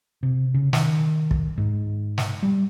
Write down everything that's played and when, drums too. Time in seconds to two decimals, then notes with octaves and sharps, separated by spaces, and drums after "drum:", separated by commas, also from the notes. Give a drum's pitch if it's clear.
0.23 C3
0.54 C#3
0.73 D#3, drum: snare
1.31 drum: kick
1.58 G#2
2.18 drum: snare
2.43 G3